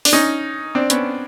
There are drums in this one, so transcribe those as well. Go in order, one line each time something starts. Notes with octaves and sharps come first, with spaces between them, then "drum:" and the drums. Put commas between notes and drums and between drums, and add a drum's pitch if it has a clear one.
D4, drum: open hi-hat
C#4 D#4
C4 D4
B3 C#4, drum: hi-hat